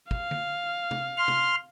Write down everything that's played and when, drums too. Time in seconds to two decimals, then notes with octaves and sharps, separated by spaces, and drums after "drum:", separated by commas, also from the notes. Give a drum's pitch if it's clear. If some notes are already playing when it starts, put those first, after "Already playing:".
0.11 F5, drum: kick
0.31 drum: tom D3
0.91 drum: tom
1.18 C6 F6
1.28 drum: tom